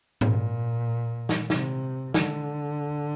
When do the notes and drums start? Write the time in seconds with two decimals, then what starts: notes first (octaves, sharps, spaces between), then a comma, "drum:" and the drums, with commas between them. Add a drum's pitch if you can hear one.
0.21 A#2, drum: tom G#2
1.29 drum: snare
1.50 C3, drum: snare
2.14 D3, drum: snare